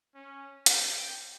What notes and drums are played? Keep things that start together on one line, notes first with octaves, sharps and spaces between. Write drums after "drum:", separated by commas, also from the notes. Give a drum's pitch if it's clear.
C#4
G5, drum: hi-hat